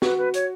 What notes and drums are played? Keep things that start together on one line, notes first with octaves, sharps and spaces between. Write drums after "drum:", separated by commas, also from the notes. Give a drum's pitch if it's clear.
F#4 B4, drum: snare
B4
C#5, drum: hi-hat